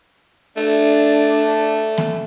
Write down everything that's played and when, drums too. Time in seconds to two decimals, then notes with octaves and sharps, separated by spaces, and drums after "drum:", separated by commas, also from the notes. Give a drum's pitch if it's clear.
0.57 A3 D4, drum: open hi-hat
1.98 drum: snare A#3